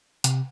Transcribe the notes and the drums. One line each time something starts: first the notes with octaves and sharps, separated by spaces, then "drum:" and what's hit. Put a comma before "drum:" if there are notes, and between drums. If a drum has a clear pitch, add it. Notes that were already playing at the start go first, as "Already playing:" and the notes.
C3, drum: hi-hat